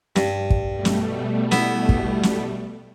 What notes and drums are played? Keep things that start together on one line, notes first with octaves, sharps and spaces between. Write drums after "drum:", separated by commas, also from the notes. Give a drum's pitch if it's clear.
G2, drum: snare
drum: kick
B2 G3 A3
drum: snare
B3 E4, drum: snare
drum: kick
drum: snare